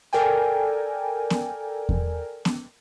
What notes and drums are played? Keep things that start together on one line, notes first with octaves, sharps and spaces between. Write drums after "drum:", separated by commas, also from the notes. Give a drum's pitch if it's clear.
A4 A#4 D5 G5 G#5
drum: snare B3
drum: kick E2
drum: snare B3